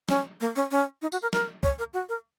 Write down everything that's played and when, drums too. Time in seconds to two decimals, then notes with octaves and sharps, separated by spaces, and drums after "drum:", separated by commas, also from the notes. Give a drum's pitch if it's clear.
0.09 C#4, drum: snare
0.41 A#3
0.56 C#4
0.71 C#4
1.02 D#4
1.12 F#4, drum: tambourine
1.22 A#4
1.33 A#4, drum: snare
1.63 C#5, drum: kick
1.79 A#4
1.93 F#4
2.09 A#4